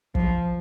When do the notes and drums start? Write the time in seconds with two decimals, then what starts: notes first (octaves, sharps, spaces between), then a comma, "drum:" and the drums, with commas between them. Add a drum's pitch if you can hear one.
0.15 F3, drum: kick